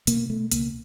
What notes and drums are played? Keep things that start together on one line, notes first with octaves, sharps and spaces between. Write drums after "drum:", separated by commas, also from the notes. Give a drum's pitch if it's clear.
B2 A#3, drum: hi-hat
B2 A3
C#2 A#3, drum: hi-hat